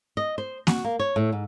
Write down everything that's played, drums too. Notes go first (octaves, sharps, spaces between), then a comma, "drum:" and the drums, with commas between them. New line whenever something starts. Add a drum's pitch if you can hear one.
D#5
C5
F#4, drum: snare A#3
A#3
C#5
A2
G#2